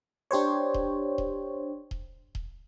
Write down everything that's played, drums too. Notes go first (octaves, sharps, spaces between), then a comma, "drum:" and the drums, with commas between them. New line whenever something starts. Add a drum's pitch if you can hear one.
D4 G4 C5 C#5
drum: kick D#1
drum: kick D#1
drum: kick D#1
drum: kick D#1